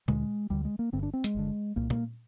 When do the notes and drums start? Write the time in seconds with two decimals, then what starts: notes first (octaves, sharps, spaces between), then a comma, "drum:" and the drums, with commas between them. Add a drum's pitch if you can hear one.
0.08 D2 D3 G#3, drum: tom A#2
0.50 D2 D3 G3
0.65 G#3
0.79 A#3
0.93 G1 G2 D3 C4
1.03 D4
1.14 C4
1.24 G#3, drum: hi-hat
1.35 G1 G2 D3
1.76 C2 A#2 A#3
1.90 A#3, drum: tom A#2